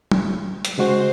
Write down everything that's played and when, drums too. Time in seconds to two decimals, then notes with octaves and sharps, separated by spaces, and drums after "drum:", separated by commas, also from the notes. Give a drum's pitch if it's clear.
0.11 drum: tom
0.65 drum: hi-hat
0.78 C#3 G#3 F#4 C5